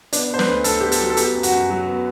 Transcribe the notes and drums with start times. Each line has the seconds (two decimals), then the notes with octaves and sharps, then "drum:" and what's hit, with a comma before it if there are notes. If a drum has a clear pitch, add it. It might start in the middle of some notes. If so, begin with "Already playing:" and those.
0.13 B3 D4, drum: hi-hat
0.30 B3 C5
0.39 B4, drum: snare
0.48 D2
0.64 D2 A4, drum: hi-hat
0.81 B3 G4
0.92 A4, drum: hi-hat
1.00 F#3
1.10 A4
1.17 B3 G4, drum: hi-hat
1.35 F#2
1.43 F#4, drum: hi-hat
1.52 F#2
1.70 F#3
1.87 B3